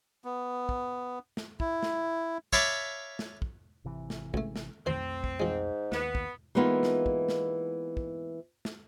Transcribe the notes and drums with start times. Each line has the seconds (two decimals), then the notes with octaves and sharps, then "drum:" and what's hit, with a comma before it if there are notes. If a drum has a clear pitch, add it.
0.24 B3
0.69 drum: kick
1.37 drum: snare
1.60 E4, drum: kick
1.83 drum: snare
2.53 C#5 E5 F5 A5 B5 D6, drum: kick
3.19 drum: snare
3.42 drum: kick
3.84 G#1 C3 E3
4.10 drum: snare
4.34 C#2 A3, drum: kick
4.56 drum: snare
4.86 B1 F2 D#3 A3 C4 C5 C6
5.24 drum: kick
5.40 G#2 F3 G#3
5.92 D#2 B3, drum: snare
6.15 drum: kick
6.55 E3 G#3 A#3 B3 D#4 F4
6.83 drum: snare
7.06 drum: kick
7.29 drum: snare
7.97 drum: kick
8.65 drum: snare